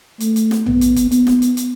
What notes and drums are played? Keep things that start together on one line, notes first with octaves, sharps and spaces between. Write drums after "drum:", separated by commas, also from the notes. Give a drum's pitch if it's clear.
A3, drum: hi-hat
drum: hi-hat
drum: snare
B3, drum: tom A#1
drum: hi-hat
drum: kick, hi-hat
B3, drum: hi-hat
drum: snare
drum: hi-hat
drum: hi-hat